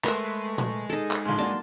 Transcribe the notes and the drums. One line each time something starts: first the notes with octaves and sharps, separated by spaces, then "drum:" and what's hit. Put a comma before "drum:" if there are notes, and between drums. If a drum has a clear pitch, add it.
G#3 A3 A#4 B4 E5 C6, drum: clap
drum: tom A#2
D#4 G#4 A4
drum: clap
A#1 G#2 C6
A#3 D4 F#4 A5